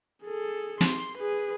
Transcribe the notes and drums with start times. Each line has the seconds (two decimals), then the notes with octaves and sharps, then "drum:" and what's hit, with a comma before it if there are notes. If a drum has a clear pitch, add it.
0.24 G#4 A4
0.81 C6, drum: snare
1.18 G#4 B4